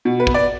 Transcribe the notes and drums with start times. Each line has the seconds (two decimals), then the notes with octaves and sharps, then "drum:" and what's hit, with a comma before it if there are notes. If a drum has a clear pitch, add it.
0.05 B2
0.20 B4
0.27 B3, drum: kick
0.34 D5